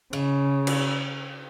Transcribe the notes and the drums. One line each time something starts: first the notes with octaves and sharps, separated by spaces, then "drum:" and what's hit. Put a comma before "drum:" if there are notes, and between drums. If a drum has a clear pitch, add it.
C#3, drum: cymbal
drum: cymbal